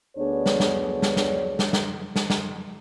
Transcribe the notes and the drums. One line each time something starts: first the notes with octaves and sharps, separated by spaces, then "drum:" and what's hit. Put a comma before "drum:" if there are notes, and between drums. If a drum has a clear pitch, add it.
D2 B3 D4 G#4 C#5 D5
drum: snare
drum: snare
drum: snare
drum: snare
drum: snare
drum: snare
drum: snare
drum: snare